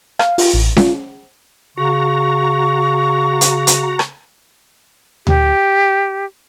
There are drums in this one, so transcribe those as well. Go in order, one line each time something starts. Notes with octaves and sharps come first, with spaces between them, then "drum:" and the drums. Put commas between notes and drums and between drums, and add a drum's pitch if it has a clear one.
F5, drum: rim click
F4, drum: open hi-hat
A1
F4, drum: snare C#4
C#3 F#4 A#5 C#6
drum: hi-hat
drum: hi-hat
drum: rim click
G4, drum: tom D2